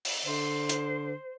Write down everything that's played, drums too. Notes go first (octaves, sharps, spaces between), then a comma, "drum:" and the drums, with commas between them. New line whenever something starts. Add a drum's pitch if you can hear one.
drum: open hi-hat
D3 C5
drum: hi-hat